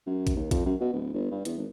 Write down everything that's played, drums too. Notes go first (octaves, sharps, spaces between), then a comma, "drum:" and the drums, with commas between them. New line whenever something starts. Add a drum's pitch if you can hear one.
F#2
drum: kick A1, hi-hat
D#2
F2, drum: kick A1, hi-hat
F#2
B2
D1
G1
G2
E2, drum: hi-hat
G#1